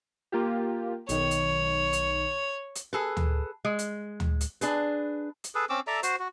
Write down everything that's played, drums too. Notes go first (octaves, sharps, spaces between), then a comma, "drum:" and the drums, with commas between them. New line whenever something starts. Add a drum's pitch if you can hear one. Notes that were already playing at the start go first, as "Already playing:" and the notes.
A#3 F4 G4
B1 D#3 C#5, drum: hi-hat
drum: hi-hat
drum: hi-hat
drum: hi-hat
G#4 A4 B4
drum: tom D2
G#3
drum: hi-hat
drum: tom D2
drum: hi-hat
D4 G#4 B4, drum: hi-hat
drum: hi-hat
G#4 A4 B4
C4 C#4 D6 E6
A4 D5 E5 A#5
F#4 C5, drum: hi-hat
F#4